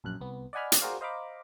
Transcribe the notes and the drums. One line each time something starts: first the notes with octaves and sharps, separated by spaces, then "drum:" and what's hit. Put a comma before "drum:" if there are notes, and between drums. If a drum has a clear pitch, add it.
A#1 F#2 F#6
C2 B3
D5 D#5 F#5 G#5 B5 F6
drum: hi-hat
F#4 G#4 A#4 C5 D5 F5
C5 D#5 F5 A#5 B5 D6